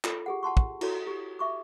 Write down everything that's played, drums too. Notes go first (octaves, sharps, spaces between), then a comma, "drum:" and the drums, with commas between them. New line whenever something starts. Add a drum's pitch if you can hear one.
F4 A4, drum: clap
G4 G#4 F#5
F#5 A5 C6 C#6
drum: kick
E4 F#4 A4 C#5 A#5, drum: cymbal
G4
E5 C#6 D6